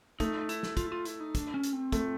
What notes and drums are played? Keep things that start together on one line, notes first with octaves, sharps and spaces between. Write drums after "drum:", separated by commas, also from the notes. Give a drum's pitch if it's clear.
A3 D#4, drum: kick, hi-hat
E4, drum: hi-hat
drum: snare
F4, drum: kick, hi-hat
E4
F4
E4, drum: hi-hat
D#4
D4, drum: kick, hi-hat
C#4
drum: hi-hat
C4
A3, drum: kick, hi-hat